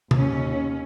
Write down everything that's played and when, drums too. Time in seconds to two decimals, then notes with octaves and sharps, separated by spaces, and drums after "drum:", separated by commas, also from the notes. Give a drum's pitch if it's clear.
0.11 D#2 C#4, drum: tom